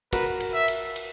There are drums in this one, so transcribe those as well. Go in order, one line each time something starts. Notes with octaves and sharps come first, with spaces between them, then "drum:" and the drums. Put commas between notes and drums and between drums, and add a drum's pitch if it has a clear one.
F#4 A#4 B4, drum: kick, cymbal
drum: cymbal
E5
drum: cymbal
drum: cymbal